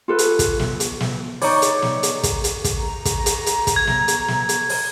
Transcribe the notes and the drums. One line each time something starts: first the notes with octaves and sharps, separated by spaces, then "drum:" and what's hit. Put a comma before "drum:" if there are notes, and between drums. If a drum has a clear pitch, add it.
F4 A4 B4
drum: hi-hat
drum: kick, hi-hat
drum: snare
drum: hi-hat
drum: snare
D#4 C#5 D5, drum: open hi-hat
drum: hi-hat
drum: snare
drum: hi-hat
drum: kick, hi-hat
drum: hi-hat
drum: kick, hi-hat
A#5
drum: kick, hi-hat
drum: hi-hat
drum: hi-hat
drum: kick, hi-hat
G#6
drum: snare
drum: hi-hat
drum: snare
drum: hi-hat
drum: open hi-hat